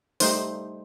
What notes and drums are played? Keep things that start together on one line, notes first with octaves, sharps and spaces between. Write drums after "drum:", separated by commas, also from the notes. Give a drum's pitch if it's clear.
G3 A3 D#4 C5, drum: open hi-hat